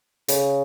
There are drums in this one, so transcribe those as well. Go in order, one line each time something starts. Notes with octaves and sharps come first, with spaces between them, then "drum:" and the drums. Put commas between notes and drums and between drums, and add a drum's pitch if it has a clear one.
C#3, drum: hi-hat